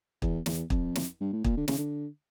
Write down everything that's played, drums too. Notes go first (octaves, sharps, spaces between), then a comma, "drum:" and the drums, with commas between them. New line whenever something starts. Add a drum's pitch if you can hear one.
E2, drum: kick
E2, drum: snare
F2, drum: kick
drum: snare
G2
A2
A#2, drum: kick
D3
C#3, drum: snare
D3